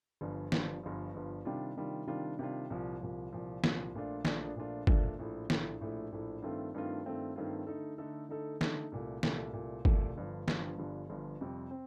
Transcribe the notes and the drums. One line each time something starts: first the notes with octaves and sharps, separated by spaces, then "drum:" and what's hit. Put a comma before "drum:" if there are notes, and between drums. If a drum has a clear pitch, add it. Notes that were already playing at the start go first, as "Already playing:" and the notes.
G1 G2 F3
G1 G2 F3, drum: snare
G1 G2 F3
G1 G2 F3
C3 D#3 G3 D4 F4
C3 D#3 G3 D4 F4
C3 D#3 G3 D4 F4
C3 D#3 G3 D4 F4
C2 A#2 F3
C2 A#2 F3
C2 A#2 F3
C2 A#2 F3, drum: snare
A#1 A#2 A3 D4 F4
A#1 A#2 A3 D4 F4, drum: snare
A#1 A#2 A3 D4 F4
A#1 A#2 A3 D4 F4, drum: kick G1
A#1 A2 A3
A#1 A2 A3, drum: snare
A#1 A2 A3
A#1 A2 A3
G2 D#3 A3 C4 F4
G2 D#3 A3 C4 F4
G2 D#3 A3 C4 F4
G2 D#3 A3 C4 F4
D3 A3 D#4 A4
D3 A3 D#4 A4
D3 A3 D#4 A4
D3 A3 D#4 A4, drum: snare
C2 A#2 A3
C2 A#2 A3, drum: snare
C2 A#2 A3
C2 A#2 A3, drum: kick G1
G1 G2 D3 F3
G1 G2 D3 F3, drum: snare
G1 G2 D3 F3
G1 G2 D3 F3
F2 C3 G3 C4
C4